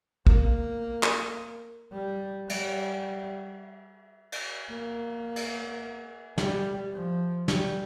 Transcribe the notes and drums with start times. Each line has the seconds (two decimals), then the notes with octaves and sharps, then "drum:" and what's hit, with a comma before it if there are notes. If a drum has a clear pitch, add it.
0.27 A#3, drum: kick
1.03 drum: clap
1.93 G3
2.49 G3, drum: cymbal
4.32 drum: cymbal
4.71 A#3
5.36 drum: cymbal
6.38 G3, drum: snare
6.94 F3
7.48 G3, drum: snare